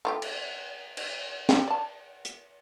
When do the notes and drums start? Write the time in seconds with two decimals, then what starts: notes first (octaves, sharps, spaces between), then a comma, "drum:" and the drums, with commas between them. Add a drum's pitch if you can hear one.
0.05 A3 F4 G4
0.22 drum: cymbal
0.97 drum: cymbal
1.49 G3 F5 G5, drum: snare
1.68 D5 A5
2.25 drum: hi-hat